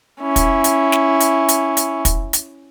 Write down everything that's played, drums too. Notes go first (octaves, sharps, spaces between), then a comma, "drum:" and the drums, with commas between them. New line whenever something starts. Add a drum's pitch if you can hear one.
C#4 E4
drum: kick, hi-hat
drum: hi-hat
drum: snare
drum: hi-hat
drum: hi-hat
drum: hi-hat
drum: kick, hi-hat
drum: hi-hat